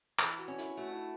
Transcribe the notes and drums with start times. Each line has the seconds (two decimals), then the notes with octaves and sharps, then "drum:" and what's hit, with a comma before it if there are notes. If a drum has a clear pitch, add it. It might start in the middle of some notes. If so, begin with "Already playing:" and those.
0.19 E3, drum: clap
0.38 F#4
0.48 C#4
0.58 E4, drum: hi-hat
0.77 A3 F#4
0.92 E4